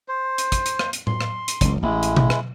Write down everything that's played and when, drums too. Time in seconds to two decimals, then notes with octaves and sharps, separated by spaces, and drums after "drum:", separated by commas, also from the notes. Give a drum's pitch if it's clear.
0.08 C5
0.38 drum: hi-hat
0.52 drum: kick, hi-hat
0.66 drum: hi-hat
0.79 drum: rim click
0.93 drum: hi-hat
1.07 C6, drum: tom A2
1.21 drum: rim click
1.48 drum: hi-hat
1.61 F#1 C#2, drum: kick, hi-hat
1.83 A1 G#3 E4
2.03 drum: hi-hat
2.16 drum: tom B2
2.30 drum: rim click